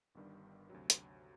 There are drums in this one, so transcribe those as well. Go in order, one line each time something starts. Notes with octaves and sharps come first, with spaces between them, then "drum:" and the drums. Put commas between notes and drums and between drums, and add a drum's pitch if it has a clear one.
G1 G2 D#3 G3
D2 C3 F#3
drum: hi-hat